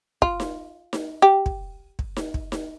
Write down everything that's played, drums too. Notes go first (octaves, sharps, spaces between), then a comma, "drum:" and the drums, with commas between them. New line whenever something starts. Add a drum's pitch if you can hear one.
F4, drum: kick
drum: snare D#4
drum: snare D#4
G4
drum: kick
drum: kick
drum: snare D#4
drum: kick
drum: snare D#4